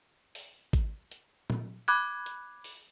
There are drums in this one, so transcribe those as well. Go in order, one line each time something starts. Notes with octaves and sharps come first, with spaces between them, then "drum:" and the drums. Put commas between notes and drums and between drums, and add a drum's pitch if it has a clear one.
drum: open hi-hat
drum: kick G#1, hi-hat
drum: hi-hat
drum: tom A#2
B5 D6 F#6 G#6, drum: hi-hat
drum: hi-hat
drum: open hi-hat